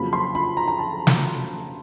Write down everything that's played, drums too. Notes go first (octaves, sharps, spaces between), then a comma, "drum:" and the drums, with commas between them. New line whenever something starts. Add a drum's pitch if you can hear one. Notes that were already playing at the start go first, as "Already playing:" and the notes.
Already playing: F2 C#3 F#3 A#3 B5
C6
B5
A#5
A#5
A5
drum: snare